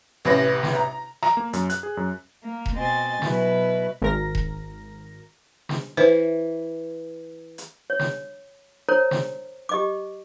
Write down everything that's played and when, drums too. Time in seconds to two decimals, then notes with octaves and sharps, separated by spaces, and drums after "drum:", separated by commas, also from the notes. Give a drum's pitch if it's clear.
0.25 A1 C3 C#4 B4 A#6
0.63 drum: snare
0.76 A#5
1.23 A#5, drum: rim click
1.37 A#3
1.53 F#2, drum: hi-hat
1.70 F#6, drum: hi-hat
1.83 G#4
1.97 F#2
2.44 A#3
2.66 drum: kick E1
2.76 B2 C4 D#5 G#5 C6 A6
3.22 B2 F#3 E4 B4, drum: snare
4.02 G#1 A#4 A#6
4.35 drum: kick E1
5.69 drum: snare
5.97 E3 B4 C5
7.58 drum: hi-hat
7.90 C#5
7.99 drum: snare
8.89 A#4 C5 C#5 A#5
9.11 drum: snare
9.69 G4 D#5 D6